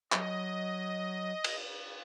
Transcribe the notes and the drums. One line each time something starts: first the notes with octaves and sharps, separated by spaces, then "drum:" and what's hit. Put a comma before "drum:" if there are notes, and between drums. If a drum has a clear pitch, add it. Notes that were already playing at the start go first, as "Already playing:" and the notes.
F#3 D#5, drum: clap
drum: cymbal